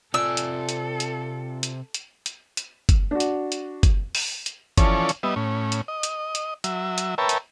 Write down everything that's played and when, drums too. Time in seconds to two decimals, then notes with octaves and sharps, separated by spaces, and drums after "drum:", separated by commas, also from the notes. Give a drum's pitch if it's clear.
0.14 C3 F4 A4 D5 G#5 E6
0.37 drum: hi-hat
0.69 drum: hi-hat
1.00 drum: hi-hat
1.63 drum: hi-hat
1.94 drum: hi-hat
2.26 drum: hi-hat
2.57 drum: hi-hat
2.89 drum: kick F#1, hi-hat
3.11 D4 F#4
3.20 drum: hi-hat
3.52 drum: hi-hat
3.83 drum: kick F#1, hi-hat
4.15 drum: open hi-hat
4.46 drum: hi-hat
4.78 E3 F3 C#4 A4 C#5 D5, drum: kick F#1, hi-hat
5.09 drum: hi-hat
5.23 G3 B3 D#5 E5
5.36 A2 C#4
5.72 drum: hi-hat
5.88 D#5
6.03 drum: hi-hat
6.35 drum: hi-hat
6.64 F#3 E5, drum: hi-hat
6.98 drum: hi-hat
7.18 A#4 B4 C#5 E5 G5 A5
7.29 drum: hi-hat